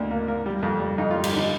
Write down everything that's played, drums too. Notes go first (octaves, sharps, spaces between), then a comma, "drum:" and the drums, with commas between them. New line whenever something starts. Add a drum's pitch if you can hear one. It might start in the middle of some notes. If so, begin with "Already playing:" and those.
Already playing: D2 A#3 D4
A#3
A#3
G3
F2
G3
F2 D#4
G3 F4
G4, drum: cymbal
D3 D#4